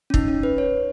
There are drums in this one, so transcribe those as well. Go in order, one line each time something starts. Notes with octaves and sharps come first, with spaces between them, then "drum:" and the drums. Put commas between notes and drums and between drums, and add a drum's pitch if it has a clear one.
C#4
D#4, drum: kick
C#4
B4
C#5